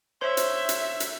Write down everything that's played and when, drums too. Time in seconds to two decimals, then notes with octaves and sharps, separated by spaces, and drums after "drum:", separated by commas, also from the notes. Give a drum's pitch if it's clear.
0.21 C5 C#5 E5 C6
0.37 drum: hi-hat
0.69 drum: hi-hat
1.00 drum: hi-hat